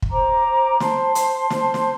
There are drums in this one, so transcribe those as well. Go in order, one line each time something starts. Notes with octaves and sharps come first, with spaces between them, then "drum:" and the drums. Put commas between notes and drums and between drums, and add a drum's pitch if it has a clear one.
drum: kick
C5 A#5 D6
C5
C5 A5 C6, drum: snare
C5, drum: hi-hat
C5, drum: snare
drum: snare